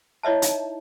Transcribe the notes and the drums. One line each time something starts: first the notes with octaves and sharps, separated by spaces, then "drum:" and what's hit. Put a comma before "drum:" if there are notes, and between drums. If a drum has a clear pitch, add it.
E4 C#5 D#5 E5 A5
D#4, drum: hi-hat